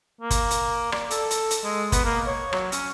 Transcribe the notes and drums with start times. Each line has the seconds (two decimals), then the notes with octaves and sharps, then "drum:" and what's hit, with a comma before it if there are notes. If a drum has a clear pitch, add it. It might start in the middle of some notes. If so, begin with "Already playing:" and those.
0.21 A#3
0.30 drum: kick, hi-hat
0.50 drum: hi-hat
0.92 D5, drum: rim click
1.11 A4, drum: hi-hat
1.31 drum: hi-hat
1.51 drum: hi-hat
1.64 G#3
1.92 B3, drum: kick, hi-hat
2.05 A#3
2.26 C#5
2.53 F#3, drum: rim click
2.72 C#4, drum: hi-hat